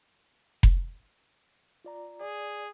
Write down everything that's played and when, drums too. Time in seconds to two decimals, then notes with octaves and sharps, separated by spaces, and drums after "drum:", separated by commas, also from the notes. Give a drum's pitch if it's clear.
0.63 drum: kick F1
1.85 F4 D5 A#5
2.21 G#4 D5